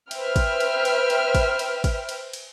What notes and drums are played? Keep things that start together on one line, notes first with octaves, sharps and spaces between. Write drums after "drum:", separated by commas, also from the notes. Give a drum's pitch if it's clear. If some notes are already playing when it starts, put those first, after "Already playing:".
B4 C5 E5 G5 F6, drum: cymbal
drum: kick, cymbal
drum: cymbal
drum: cymbal
drum: cymbal
drum: kick, cymbal
drum: cymbal
drum: kick, cymbal
drum: cymbal
drum: cymbal